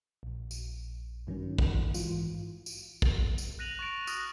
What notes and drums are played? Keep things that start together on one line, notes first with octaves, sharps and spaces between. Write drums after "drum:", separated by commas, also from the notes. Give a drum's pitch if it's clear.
A#1
drum: tambourine
G2 D#3 F#3 C#4
drum: kick
G#2 E3 F4, drum: tambourine
drum: tambourine
drum: kick
drum: tambourine
F#6 A#6 D#7 F7 F#7
C#6 A6 D7
D#6 F6 F#6 A#6, drum: tambourine